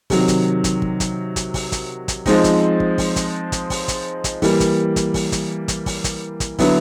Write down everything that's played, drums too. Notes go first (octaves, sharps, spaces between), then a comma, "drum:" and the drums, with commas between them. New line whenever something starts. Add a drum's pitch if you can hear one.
C3 D#3 F#3, drum: kick, open hi-hat
drum: kick, hi-hat
drum: kick, hi-hat
drum: kick
drum: kick, hi-hat
drum: kick, hi-hat
drum: kick, open hi-hat
drum: kick, hi-hat
drum: kick, hi-hat
F3 G#3 C4 D#4, drum: kick, open hi-hat
drum: kick, hi-hat
drum: kick
drum: kick, open hi-hat
drum: kick, hi-hat
drum: kick, hi-hat
drum: kick, open hi-hat
drum: kick, hi-hat
drum: kick, hi-hat
E3 G3 A#3, drum: kick, open hi-hat
drum: kick, hi-hat
drum: kick, hi-hat
drum: kick, open hi-hat
drum: kick, hi-hat
drum: kick, hi-hat
drum: kick, open hi-hat
drum: kick, hi-hat
drum: kick, hi-hat
D3 F#3 B3 E4, drum: kick, open hi-hat